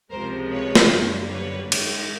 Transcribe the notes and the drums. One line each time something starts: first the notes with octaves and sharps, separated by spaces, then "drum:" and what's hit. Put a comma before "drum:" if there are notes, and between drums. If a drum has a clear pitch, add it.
C#2 C3 F3 G#3 A#4 C5
B4 C#5
drum: snare
F#2 D3 G3 A#3
B4 C#5
G#2 D#3 G#3, drum: cymbal